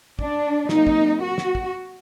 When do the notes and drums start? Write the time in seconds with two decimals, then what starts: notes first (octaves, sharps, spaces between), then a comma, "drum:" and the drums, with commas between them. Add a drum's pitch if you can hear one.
0.19 D4, drum: kick
0.69 C3 F#3 A#3 D#4, drum: snare
0.87 drum: kick
1.21 F#4
1.38 drum: snare
1.55 drum: kick